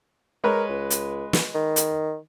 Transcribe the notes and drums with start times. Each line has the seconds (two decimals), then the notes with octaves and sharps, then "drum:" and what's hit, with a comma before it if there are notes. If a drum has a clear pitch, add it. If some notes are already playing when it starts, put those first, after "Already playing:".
0.44 G#3 A#4 B4 C#5
0.69 C#2
0.90 drum: hi-hat
1.33 drum: snare
1.55 D#3
1.76 drum: hi-hat